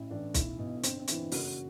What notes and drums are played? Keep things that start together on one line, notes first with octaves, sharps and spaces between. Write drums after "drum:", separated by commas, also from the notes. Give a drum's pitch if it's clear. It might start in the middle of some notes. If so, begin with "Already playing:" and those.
Already playing: A1 E4
A2 E3 D4
B1 E4, drum: kick, hi-hat
B2
G1 C4, drum: hi-hat
C4
G2 E3 E4, drum: hi-hat
F#1 F#4, drum: open hi-hat